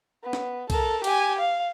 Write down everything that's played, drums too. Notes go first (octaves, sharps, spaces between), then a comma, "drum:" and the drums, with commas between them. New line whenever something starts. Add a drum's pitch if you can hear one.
B3
drum: snare
A4 A#4, drum: kick, cymbal
G4 G#5, drum: cymbal
F5